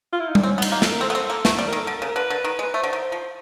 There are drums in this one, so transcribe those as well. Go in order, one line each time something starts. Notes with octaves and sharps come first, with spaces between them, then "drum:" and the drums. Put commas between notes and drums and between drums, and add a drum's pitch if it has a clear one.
F4
E4
D#4
D4, drum: tom G3
C4 C#4
B3
D#4, drum: cymbal
A#3
A4, drum: snare
A#4
C4 A4
B3
C4
A#3
A3, drum: snare
G3
A#4
D#3
A4
D3
A#4
C#3
A#4
D3 B4
D3
D#3
G#3
B4
A3 C5
D3
D#3
C5
F3